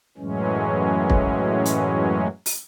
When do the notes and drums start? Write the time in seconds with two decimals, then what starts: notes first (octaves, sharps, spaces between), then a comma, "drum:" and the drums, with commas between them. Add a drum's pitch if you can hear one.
0.18 F#2 A2 E3 F#3 G#3 C#4
1.10 drum: kick
1.65 drum: hi-hat
2.46 drum: open hi-hat